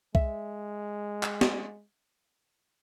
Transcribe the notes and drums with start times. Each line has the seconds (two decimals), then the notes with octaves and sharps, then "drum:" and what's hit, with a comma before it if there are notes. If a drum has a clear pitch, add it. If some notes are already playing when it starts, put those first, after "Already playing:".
0.15 G#3 E5, drum: kick C2
1.23 drum: clap
1.41 drum: snare